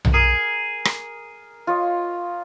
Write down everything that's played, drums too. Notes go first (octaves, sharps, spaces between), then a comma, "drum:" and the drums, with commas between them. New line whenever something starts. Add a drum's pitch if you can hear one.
drum: tom B1
G#4 A#4
drum: rim click
F4 C#5 D#5